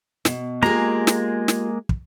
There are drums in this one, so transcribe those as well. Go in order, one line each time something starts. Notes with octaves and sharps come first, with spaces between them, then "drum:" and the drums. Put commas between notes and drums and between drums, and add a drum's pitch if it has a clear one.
B2, drum: snare
G#3 A#3 F4 G4 G#4 A#5
drum: snare
drum: snare
drum: kick